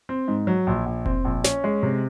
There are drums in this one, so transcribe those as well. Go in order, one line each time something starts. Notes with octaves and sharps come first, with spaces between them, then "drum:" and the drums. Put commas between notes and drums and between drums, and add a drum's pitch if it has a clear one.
C4
G#2
F#3
A#1
A#1
C4, drum: kick F1
A#1
C#4, drum: snare
G#3
C3